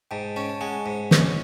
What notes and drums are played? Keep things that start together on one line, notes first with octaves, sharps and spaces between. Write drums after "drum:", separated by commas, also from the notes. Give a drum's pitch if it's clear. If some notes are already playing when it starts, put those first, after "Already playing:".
G#2 G5 A5
C#4 G5 A5
A5
G#3 F#5 G#5
G#2
C#4, drum: snare